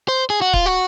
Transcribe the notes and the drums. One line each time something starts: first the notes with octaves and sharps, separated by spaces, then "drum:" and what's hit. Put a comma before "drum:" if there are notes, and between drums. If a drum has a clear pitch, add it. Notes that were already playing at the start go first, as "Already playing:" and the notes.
C5
G#4
F#4
F4, drum: kick C#1
F#4